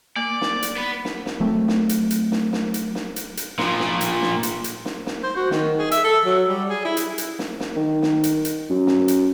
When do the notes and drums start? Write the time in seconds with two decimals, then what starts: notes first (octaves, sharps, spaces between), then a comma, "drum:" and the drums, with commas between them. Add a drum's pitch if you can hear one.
0.16 A#3 D5
0.41 drum: snare
0.63 drum: hi-hat
0.76 B3 B4
1.05 drum: snare
1.26 drum: snare
1.40 F#3 A3 C4
1.68 drum: snare
1.89 drum: hi-hat
2.11 drum: hi-hat
2.32 drum: snare
2.53 drum: snare
2.74 drum: hi-hat
2.95 drum: snare
3.16 drum: hi-hat
3.37 drum: hi-hat
3.58 A#2 F3, drum: snare
3.80 drum: snare
4.01 drum: hi-hat
4.22 drum: snare
4.43 drum: hi-hat
4.64 drum: hi-hat
4.85 drum: snare
5.06 drum: snare
5.24 C5
5.36 F#4
5.51 D#3, drum: snare
5.79 G#4
5.92 E5, drum: hi-hat
6.04 A4
6.26 F#3
6.49 G3
6.69 G#4
6.85 E4
6.97 drum: hi-hat
7.18 drum: hi-hat
7.39 drum: snare
7.60 drum: snare
7.76 D#3
8.02 drum: snare
8.24 drum: hi-hat
8.45 drum: hi-hat
8.70 F#2
8.87 drum: snare
9.08 drum: hi-hat